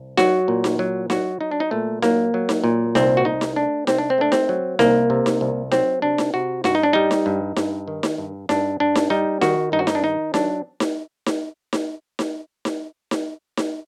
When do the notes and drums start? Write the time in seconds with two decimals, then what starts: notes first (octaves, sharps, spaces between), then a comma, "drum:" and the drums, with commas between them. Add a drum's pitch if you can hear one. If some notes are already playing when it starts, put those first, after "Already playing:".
Already playing: C2
0.17 F#3 F#4, drum: snare D#4
0.48 A#2
0.64 drum: snare D#4
0.79 F#3
1.10 F#3 F#4, drum: snare D#4
1.41 F#3 D#4
1.51 D4
1.60 D#4
1.71 A#2 A3
2.02 F#3 A#3, drum: snare D#4
2.34 F#3
2.49 drum: snare D#4
2.64 A#2
2.95 C2 C4, drum: snare D#4
3.17 F#4
3.25 C2 D#4
3.41 drum: snare D#4
3.56 A3 D4
3.87 C2 C4, drum: snare D#4
3.98 D4
4.10 C4
4.18 A3 D4
4.32 C4, drum: snare D#4
4.49 F#3
4.79 C2 A#3, drum: snare D#4
5.10 C3
5.26 drum: snare D#4
5.41 C2
5.72 F#3 C4, drum: snare D#4
6.02 C3 D4
6.18 drum: snare D#4
6.34 C3 F#4
6.64 G2 F#4, drum: snare D#4
6.75 D#4
6.83 D4
6.93 G3 D#4
7.11 drum: snare D#4
7.26 G2
7.56 G2, drum: snare D#4
7.88 D#3
8.03 drum: snare D#4
8.18 G2
8.49 G2 D4, drum: snare D#4
8.80 G2 D4
8.95 drum: snare D#4
9.10 G3 D#4
9.41 D#3 F#4, drum: snare D#4
9.72 G2 D#4
9.79 F#4
9.87 D#4, drum: snare D#4
9.95 D4
10.03 D#3 D#4
10.34 F#3 D4, drum: snare D#4
10.80 drum: snare D#4
11.26 drum: snare D#4
11.73 drum: snare D#4
12.19 drum: snare D#4
12.65 drum: snare D#4
13.11 drum: snare D#4
13.57 drum: snare D#4